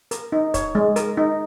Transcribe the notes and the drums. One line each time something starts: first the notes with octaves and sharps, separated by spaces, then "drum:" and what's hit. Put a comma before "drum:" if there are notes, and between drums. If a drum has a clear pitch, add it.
A#4, drum: hi-hat
D#4
C#5, drum: kick, hi-hat
G#3
A#4, drum: hi-hat
D#4